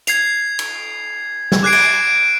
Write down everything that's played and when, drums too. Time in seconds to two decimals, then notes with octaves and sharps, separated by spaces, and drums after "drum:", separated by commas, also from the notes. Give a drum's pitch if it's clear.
0.07 G#6 C7 F7, drum: hi-hat
0.59 drum: cymbal
1.52 drum: snare
1.63 D6 F#6 G#6 C7 D7
1.73 drum: cymbal